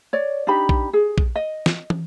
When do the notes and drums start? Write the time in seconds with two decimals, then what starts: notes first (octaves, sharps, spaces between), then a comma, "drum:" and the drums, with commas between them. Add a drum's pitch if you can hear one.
0.13 C#5 D5
0.47 D4 D#4 G4 B5
0.69 drum: kick A#1
0.93 G#4
1.18 drum: kick A#1
1.36 D#5
1.66 drum: snare
1.90 drum: tom